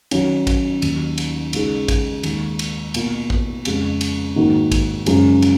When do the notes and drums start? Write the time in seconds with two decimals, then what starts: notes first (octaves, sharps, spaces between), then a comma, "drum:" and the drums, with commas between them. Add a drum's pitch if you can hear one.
0.11 D#3 F#3 C#4, drum: cymbal
0.47 drum: kick, cymbal
0.82 D#2 D#3 F#3, drum: cymbal
1.18 drum: cymbal
1.53 C#3 G#3 D#4 G#4, drum: cymbal
1.88 drum: kick, cymbal
2.23 D#2 D#3 G#3, drum: cymbal
2.59 drum: cymbal
2.94 B2 A#3 F4 A#4, drum: cymbal
3.30 drum: kick
3.65 F2 C#3 G#3, drum: cymbal
4.01 drum: cymbal
4.36 G#2 D#3 A#3 D#4 F#4
4.72 drum: kick, cymbal
5.06 F#2 C#3 F3 G#3, drum: cymbal
5.42 drum: cymbal